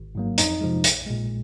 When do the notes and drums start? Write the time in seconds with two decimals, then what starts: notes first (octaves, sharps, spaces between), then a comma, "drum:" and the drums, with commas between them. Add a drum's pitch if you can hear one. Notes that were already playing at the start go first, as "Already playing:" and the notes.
Already playing: G#1
0.15 G#2 F#3 A#3
0.38 F2 D#4, drum: hi-hat
0.61 C3 F3 G#3
0.84 A#1, drum: hi-hat
1.06 A#2 G#3